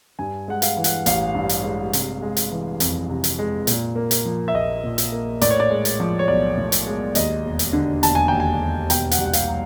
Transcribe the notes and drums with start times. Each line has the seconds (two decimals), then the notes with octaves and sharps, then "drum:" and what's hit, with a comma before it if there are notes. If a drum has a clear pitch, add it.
0.19 G2 G#5
0.48 G#3 F#5
0.62 F5, drum: hi-hat
0.77 E3
0.84 F#5, drum: hi-hat
1.06 A1 F5, drum: hi-hat
1.35 G2
1.49 drum: hi-hat
1.63 G#3
1.93 C3, drum: hi-hat
2.22 G#3
2.37 drum: hi-hat
2.51 E3
2.80 F2, drum: hi-hat
3.09 C3
3.24 drum: hi-hat
3.39 G#3
3.67 A#2, drum: hi-hat
3.96 A#3
4.11 drum: hi-hat
4.25 F3
4.48 E5
4.54 A#1 D#5
4.83 A#2
4.98 drum: hi-hat
5.12 A#3
5.41 A2 D5, drum: hi-hat
5.51 C#5
5.60 D5
5.70 G#3
5.85 drum: hi-hat
6.00 F3
6.19 C#5
6.28 B1 D5
6.57 A2
6.72 drum: hi-hat
6.86 G#3
7.15 D#2 D#5, drum: hi-hat
7.45 E1
7.59 drum: hi-hat
7.73 D3
8.03 E1 A5, drum: hi-hat
8.15 G#5
8.28 D#2 G5
8.40 G#5
8.60 E1
8.90 B2 G5, drum: hi-hat
9.11 F#5, drum: hi-hat
9.18 C2
9.26 F#5
9.33 F5, drum: hi-hat
9.48 F#3